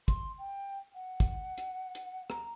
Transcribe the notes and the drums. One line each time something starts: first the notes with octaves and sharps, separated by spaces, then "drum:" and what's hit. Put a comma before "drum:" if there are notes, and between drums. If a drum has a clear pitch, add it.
C6, drum: kick, hi-hat
G5
F#5
drum: kick, hi-hat
drum: hi-hat
drum: hi-hat
A#5, drum: rim click